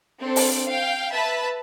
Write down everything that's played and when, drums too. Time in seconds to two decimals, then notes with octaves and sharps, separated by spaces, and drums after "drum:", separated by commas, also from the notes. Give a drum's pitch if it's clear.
0.18 C4 D4 A4
0.36 drum: open hi-hat
0.64 F5 G5
1.11 B4 E5 A5 B5